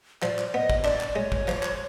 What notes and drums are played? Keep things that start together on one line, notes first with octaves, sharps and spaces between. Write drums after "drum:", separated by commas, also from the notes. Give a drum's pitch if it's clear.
F3 D5, drum: clap
drum: clap
B3 D#5
drum: kick
D4 D5, drum: clap
drum: clap
G#3 C#5
drum: kick
F3, drum: clap
drum: clap